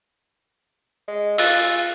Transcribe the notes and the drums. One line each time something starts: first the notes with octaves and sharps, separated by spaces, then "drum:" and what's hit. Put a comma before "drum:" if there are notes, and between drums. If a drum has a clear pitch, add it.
G#3
F4 E6 F#6 A6, drum: cymbal